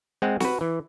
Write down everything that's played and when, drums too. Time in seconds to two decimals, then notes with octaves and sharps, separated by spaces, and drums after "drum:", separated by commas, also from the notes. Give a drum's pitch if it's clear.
0.22 G#3 C4 F#5
0.40 F#4 B4, drum: snare
0.61 E3